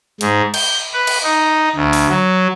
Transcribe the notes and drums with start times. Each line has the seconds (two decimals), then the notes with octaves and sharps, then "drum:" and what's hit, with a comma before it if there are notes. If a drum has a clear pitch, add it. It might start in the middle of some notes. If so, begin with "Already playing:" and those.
0.21 G#2, drum: hi-hat
0.54 G6, drum: cymbal
0.93 B4
1.07 drum: cymbal
1.23 D#4
1.76 D2
1.93 drum: open hi-hat
2.09 F#3